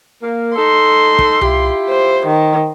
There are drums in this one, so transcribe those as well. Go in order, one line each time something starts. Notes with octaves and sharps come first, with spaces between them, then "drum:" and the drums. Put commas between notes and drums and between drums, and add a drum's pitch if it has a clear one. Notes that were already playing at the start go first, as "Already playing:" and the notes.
A#3
D#4 A4 C6
drum: kick
E4 F4 G4, drum: tom C2
C5
D#3